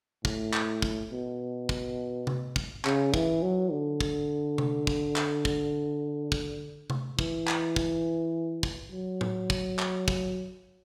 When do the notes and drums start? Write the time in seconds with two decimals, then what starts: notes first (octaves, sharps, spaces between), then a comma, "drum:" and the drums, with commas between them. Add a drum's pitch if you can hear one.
0.25 A2, drum: kick
0.54 drum: clap
0.82 drum: kick
1.11 B2
1.69 drum: kick
2.27 drum: tom C3
2.56 drum: kick
2.85 C#3, drum: clap
3.14 E3, drum: kick
3.43 F#3
3.71 D3
4.00 drum: kick
4.58 drum: tom C3
4.87 drum: kick
5.16 drum: clap
5.45 drum: kick
6.32 drum: kick
6.90 drum: tom C3
7.19 E3, drum: kick
7.47 drum: clap
7.76 drum: kick
8.63 drum: kick
8.92 F#3
9.21 drum: tom A2
9.50 drum: kick
9.79 drum: clap
10.08 drum: kick